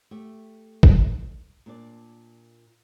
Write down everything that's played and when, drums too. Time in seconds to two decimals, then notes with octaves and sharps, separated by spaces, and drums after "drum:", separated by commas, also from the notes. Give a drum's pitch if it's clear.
0.11 A3 G4 E5
0.83 drum: kick
1.66 A#2 D4 D5